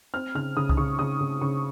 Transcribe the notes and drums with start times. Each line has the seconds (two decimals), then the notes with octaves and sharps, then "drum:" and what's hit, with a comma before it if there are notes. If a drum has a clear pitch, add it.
0.14 C4 F6
0.35 C#3 F6
0.57 C#3 D#6
0.69 D#6, drum: kick C2
0.77 C#3 C#6
0.99 C#3 D#6
1.20 C#3
1.41 C#3 C#6